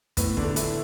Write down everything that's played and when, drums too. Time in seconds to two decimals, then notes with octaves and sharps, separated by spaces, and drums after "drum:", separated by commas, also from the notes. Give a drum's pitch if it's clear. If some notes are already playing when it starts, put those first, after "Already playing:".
0.17 A2 B3, drum: kick, hi-hat
0.37 D3 D4, drum: kick
0.43 A3
0.49 D4
0.56 E3 E4, drum: hi-hat